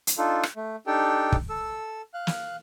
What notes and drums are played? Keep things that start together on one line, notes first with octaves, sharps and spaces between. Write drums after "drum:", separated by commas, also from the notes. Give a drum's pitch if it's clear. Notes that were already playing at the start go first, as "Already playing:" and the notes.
drum: hi-hat
D4 D#4 F4 A4
drum: rim click
A3
D4 D#4 G4 A4 G5
drum: kick
A4 E6
F5 F#6
drum: snare